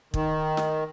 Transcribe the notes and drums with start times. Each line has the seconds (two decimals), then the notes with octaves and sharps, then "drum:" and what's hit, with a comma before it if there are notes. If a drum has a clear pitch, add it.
0.14 D#3, drum: kick
0.57 drum: snare